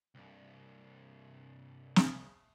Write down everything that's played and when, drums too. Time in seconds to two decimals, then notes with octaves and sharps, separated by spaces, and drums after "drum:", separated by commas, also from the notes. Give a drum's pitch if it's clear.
0.15 C2 G2
1.96 drum: snare